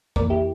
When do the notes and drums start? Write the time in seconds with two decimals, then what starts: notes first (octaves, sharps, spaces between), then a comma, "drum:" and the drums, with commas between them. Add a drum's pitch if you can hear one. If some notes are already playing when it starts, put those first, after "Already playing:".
0.16 F2 E3 A#3 A#4 D5, drum: kick A1
0.30 E4 G4